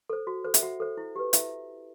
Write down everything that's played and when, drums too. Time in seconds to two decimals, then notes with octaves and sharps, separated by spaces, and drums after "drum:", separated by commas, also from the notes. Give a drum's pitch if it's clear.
0.10 A4 C5
0.27 F#4
0.45 A4 C5
0.54 E5, drum: hi-hat
0.63 F#4 F#5
0.80 A4 C5
0.97 E4
1.16 G4 B4
1.33 E4 E5, drum: hi-hat